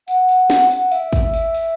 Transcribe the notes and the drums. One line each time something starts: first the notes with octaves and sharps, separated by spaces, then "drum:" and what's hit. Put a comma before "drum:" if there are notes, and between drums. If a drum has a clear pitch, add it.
F#5, drum: tambourine
drum: tambourine
drum: snare
drum: tambourine
E5, drum: tambourine
drum: kick, tambourine
drum: tambourine
drum: tambourine